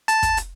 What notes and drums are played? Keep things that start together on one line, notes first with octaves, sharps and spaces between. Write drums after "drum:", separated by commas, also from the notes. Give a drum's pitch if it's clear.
A5, drum: hi-hat
drum: kick, hi-hat
drum: hi-hat